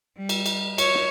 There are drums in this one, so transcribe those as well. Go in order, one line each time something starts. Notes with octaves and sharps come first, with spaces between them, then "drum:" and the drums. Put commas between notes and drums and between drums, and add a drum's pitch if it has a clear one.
G3
drum: cymbal
drum: cymbal
C#5, drum: cymbal
drum: snare